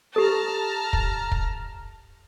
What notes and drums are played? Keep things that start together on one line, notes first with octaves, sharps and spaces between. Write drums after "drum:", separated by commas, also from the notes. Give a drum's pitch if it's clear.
G4 A4 A5 A#5 F6
drum: kick
drum: kick